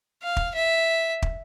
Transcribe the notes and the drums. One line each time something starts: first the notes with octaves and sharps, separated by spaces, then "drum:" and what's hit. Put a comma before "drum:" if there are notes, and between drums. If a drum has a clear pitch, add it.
F5
drum: kick
E5
drum: kick